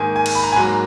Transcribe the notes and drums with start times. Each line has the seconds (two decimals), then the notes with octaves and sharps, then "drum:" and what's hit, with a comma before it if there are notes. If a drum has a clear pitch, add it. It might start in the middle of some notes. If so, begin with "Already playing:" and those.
Already playing: G#2 D#3 A#3 G#5
0.16 G#5
0.26 drum: cymbal
0.35 B5
0.43 A#5
0.52 G#5
0.56 G#2 F#3 A#3 A#5